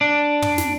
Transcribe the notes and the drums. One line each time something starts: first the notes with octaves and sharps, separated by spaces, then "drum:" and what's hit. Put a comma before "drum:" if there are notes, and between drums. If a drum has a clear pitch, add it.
D4
drum: tom
drum: snare